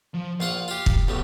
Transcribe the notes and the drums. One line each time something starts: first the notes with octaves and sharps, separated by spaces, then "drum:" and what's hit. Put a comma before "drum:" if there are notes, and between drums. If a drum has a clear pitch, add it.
F3
A#1 F4 F5 F#5
F4 G4
drum: kick
B1 A2 C#3 G4